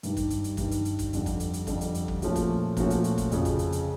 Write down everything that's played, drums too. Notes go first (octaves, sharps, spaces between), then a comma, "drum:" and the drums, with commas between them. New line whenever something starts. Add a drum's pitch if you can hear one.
G2 D#3 G3, drum: hi-hat
drum: kick, hi-hat
drum: hi-hat
drum: hi-hat
G2 D#3 G3, drum: kick, hi-hat
drum: hi-hat
drum: hi-hat
drum: kick, hi-hat
F2 D3 G3, drum: hi-hat
drum: kick, hi-hat
drum: hi-hat
drum: hi-hat
F2 D3 G3, drum: kick, hi-hat
drum: hi-hat
drum: hi-hat
drum: kick
A#2 F3 A3 C#4 F#4, drum: hi-hat
drum: kick, hi-hat
A#2 F3 A3 C#4 F#4, drum: kick, hi-hat
drum: hi-hat
drum: hi-hat
drum: kick, hi-hat
F2 C#3 F3, drum: hi-hat
drum: kick, hi-hat
drum: hi-hat
drum: hi-hat